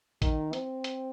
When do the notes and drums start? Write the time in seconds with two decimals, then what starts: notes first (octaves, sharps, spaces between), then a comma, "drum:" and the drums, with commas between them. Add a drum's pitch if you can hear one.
0.22 D#3, drum: kick A1, hi-hat
0.53 C4, drum: hi-hat
0.84 drum: hi-hat